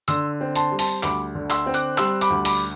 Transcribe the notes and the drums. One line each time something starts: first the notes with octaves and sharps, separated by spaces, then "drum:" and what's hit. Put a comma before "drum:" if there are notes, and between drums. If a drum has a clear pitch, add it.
D3 C6 E6, drum: hi-hat
C4
A5 C6, drum: hi-hat
G3
A5 C6, drum: open hi-hat
D2 B5 D6, drum: clap
D3
C6 E6, drum: clap
C4
D6 F#6, drum: hi-hat
G3 C6 E6, drum: clap
B5 D6, drum: hi-hat
D2
B5 D6, drum: open hi-hat